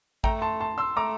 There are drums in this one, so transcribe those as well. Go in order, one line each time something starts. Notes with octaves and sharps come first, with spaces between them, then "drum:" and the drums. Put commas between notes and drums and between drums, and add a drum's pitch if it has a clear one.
A3 G5 A#5, drum: kick A1
A5 C6
A5 C6
C6 E6
A3 A#5 D6